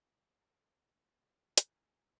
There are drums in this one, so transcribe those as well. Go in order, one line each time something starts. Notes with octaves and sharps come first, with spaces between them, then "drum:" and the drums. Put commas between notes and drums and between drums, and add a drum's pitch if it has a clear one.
A4 A#4
D#4 G#5, drum: hi-hat